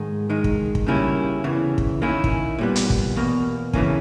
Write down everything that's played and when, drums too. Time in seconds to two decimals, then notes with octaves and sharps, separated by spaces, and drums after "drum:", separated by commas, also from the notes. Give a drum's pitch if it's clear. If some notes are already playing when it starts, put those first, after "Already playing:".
Already playing: G#2 D#3 G#3 D#4
0.30 D#3 G#3 D#4
0.44 drum: kick
0.75 drum: kick
0.87 C#3 G3 A#3 C#4 E4
1.44 E2 C#3 E3
1.78 drum: kick
2.02 D#3 A#3 C#4 E4
2.24 drum: kick
2.59 A#2 G3 B3
2.76 drum: hi-hat
2.90 drum: kick
3.16 E2 B2 A#3
3.73 C#3 E3 A#3 C#4, drum: kick